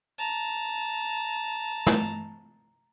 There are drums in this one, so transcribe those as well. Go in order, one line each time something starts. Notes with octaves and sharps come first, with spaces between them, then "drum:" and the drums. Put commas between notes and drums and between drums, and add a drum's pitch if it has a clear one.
A5 A#5
drum: snare